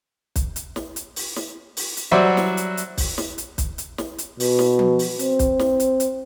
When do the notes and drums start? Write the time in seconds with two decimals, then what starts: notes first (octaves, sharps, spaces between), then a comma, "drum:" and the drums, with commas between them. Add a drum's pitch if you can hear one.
0.36 drum: kick, hi-hat
0.56 drum: hi-hat
0.76 drum: snare
0.96 drum: hi-hat
1.16 drum: open hi-hat
1.36 drum: snare
1.77 drum: open hi-hat
1.97 drum: hi-hat
2.12 F#3 G3 F#4 C5 D5 E5
2.37 drum: snare
2.57 drum: hi-hat
2.77 drum: hi-hat
2.98 drum: kick, open hi-hat
3.18 drum: snare
3.38 drum: hi-hat
3.58 drum: kick, hi-hat
3.78 drum: hi-hat
3.98 drum: snare
4.18 drum: hi-hat
4.40 B2, drum: open hi-hat
4.59 drum: snare
4.79 drum: tom F3
4.99 drum: open hi-hat
5.19 C4, drum: hi-hat
5.39 drum: kick, hi-hat
5.59 drum: snare
5.80 drum: hi-hat
6.00 drum: hi-hat